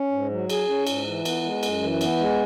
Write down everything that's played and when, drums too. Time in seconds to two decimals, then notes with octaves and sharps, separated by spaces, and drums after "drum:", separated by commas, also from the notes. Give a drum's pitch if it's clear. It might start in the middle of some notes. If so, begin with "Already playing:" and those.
Already playing: C#4
0.12 G#2
0.31 F#3
0.50 G#4, drum: cymbal
0.68 C#4
0.87 G#2, drum: cymbal
1.06 E3
1.25 B3, drum: cymbal
1.44 G#3
1.63 F#2, drum: cymbal
1.81 E3
2.01 B3, drum: cymbal
2.19 G#3